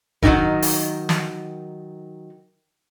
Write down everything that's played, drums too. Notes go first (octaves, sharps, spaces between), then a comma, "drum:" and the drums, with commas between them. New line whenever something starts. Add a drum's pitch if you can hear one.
D#3 F#3 G3 C#4 D#4 A#4, drum: kick F1
drum: open hi-hat
drum: snare